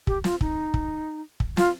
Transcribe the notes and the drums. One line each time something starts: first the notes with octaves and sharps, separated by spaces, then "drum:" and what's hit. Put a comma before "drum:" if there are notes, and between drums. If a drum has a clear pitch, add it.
G4, drum: kick
F4, drum: snare
D#4, drum: kick
drum: kick
drum: kick
F4, drum: snare